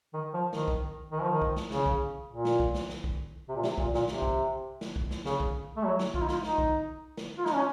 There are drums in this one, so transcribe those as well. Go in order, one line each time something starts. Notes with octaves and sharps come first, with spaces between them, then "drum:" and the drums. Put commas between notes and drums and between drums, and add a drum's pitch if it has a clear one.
D#3
F3
D#3, drum: snare
drum: kick B1
D#3
F3
D#3
drum: kick B1
drum: snare
C#3, drum: snare
drum: kick B1
A#2
drum: snare
drum: kick B1
drum: snare
drum: snare
drum: kick B1
C3
A#2
C3, drum: snare
A#2, drum: kick B1
A#2, drum: snare
C3, drum: snare
drum: kick B1
drum: snare
drum: kick B1
drum: snare
C#3, drum: snare
drum: kick B1
A3
F#3
drum: snare
F4, drum: kick B1
D#4
F4, drum: snare
D#4, drum: snare
drum: kick B1
drum: snare
F4
D#4, drum: snare
C#4